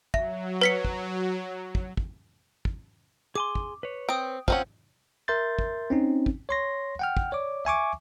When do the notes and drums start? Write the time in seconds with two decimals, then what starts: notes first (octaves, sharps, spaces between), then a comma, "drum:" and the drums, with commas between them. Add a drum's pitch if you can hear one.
0.14 F#3 E5, drum: kick
0.61 B4 B6 C#7
0.85 drum: kick
1.75 drum: kick
1.97 drum: kick
2.65 drum: kick
3.35 G#4 G#5 C6 D6
3.55 drum: kick
3.83 B4 C#5
4.09 C4 D#6 D7
4.48 F3 C4 C#4 F4 C5 F#5, drum: kick
5.28 A#4 E5 C6 G6 A6
5.59 drum: kick
5.90 C4 C#4 D#4
6.26 drum: kick
6.49 C#5 C6 A#6
6.99 F#5 G5 F6
7.17 drum: kick
7.32 C#5 D5 D6
7.65 E5 G#5 C#6 D6